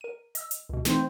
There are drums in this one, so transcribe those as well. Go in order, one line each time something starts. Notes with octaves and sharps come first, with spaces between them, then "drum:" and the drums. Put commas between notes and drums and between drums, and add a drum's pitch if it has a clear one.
A#4 D#7
D#5 E6, drum: hi-hat
drum: hi-hat
C#2 B2
E3 A3 C4 D#4, drum: snare